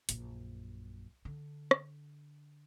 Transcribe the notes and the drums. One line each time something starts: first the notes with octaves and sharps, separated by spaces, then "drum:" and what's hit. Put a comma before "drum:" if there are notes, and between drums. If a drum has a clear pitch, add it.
A#1 F#2, drum: hi-hat
D3
drum: rim click